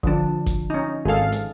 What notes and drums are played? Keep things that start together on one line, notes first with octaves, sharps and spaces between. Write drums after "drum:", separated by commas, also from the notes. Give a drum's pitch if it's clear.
D3 F3 D4, drum: kick G1
drum: kick G1, hi-hat
C#4 D#4
G#1 G#4 A4 F5
drum: hi-hat